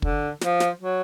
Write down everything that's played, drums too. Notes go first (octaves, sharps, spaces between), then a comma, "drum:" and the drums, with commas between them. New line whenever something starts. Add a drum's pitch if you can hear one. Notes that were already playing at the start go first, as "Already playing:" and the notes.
D3, drum: kick
F3, drum: snare
drum: snare
F#3